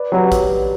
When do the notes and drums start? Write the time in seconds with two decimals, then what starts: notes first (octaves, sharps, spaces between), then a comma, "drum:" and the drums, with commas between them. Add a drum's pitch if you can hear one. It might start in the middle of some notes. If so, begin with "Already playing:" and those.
Already playing: B4 D5
0.12 F#3 G4 B4
0.32 drum: kick, hi-hat